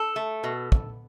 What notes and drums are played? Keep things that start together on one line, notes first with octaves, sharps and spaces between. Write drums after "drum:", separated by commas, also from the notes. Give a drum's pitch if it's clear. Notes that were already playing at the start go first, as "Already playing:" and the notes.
Already playing: A4
A3
B2
drum: kick